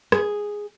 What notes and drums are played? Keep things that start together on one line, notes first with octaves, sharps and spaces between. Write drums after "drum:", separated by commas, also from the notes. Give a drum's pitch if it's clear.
G#4, drum: rim click